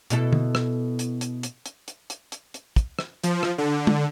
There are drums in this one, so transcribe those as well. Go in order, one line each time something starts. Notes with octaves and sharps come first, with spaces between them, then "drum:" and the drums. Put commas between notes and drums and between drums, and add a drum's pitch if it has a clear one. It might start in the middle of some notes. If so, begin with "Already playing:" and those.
B2 E4 A4, drum: hi-hat
drum: tom
drum: rim click
drum: hi-hat
drum: hi-hat
drum: hi-hat
drum: hi-hat
drum: hi-hat
drum: hi-hat
drum: hi-hat
drum: hi-hat
drum: kick, hi-hat
drum: rim click
F3, drum: hi-hat
drum: rim click
D3
drum: tom